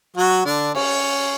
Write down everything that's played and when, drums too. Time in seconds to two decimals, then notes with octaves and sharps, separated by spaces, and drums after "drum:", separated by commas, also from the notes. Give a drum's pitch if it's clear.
0.17 F#3 F#4
0.45 D3 D4
0.75 C#4, drum: cymbal